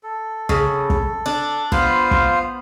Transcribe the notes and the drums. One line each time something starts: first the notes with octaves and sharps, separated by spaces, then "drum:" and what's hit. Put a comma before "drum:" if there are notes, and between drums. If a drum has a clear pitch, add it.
A4
C#3, drum: kick
drum: kick
D4
B3 F4 C5 F5, drum: kick
drum: kick